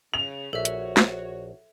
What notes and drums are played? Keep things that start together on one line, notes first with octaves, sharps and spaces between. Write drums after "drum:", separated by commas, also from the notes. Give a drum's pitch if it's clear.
C#3 F7
A#1 F#4 A4 C#5 E5
drum: hi-hat
drum: snare